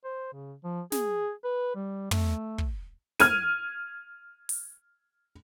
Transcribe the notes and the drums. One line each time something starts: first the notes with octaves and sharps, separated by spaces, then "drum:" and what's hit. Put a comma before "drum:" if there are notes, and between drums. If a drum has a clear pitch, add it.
C5
C#3
F3
G#4, drum: snare
B4
G3
A3, drum: tom
drum: kick
F6 G#6 D#7, drum: snare
drum: open hi-hat